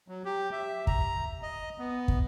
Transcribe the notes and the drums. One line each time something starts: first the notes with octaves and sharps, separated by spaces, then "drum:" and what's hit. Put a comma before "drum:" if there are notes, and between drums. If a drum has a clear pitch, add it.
F#3
G4
E5
A#5, drum: kick
D#5
B3
drum: kick